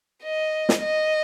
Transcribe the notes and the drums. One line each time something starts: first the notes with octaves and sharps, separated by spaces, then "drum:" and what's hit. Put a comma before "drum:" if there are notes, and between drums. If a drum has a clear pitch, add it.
D#5
drum: snare
D#5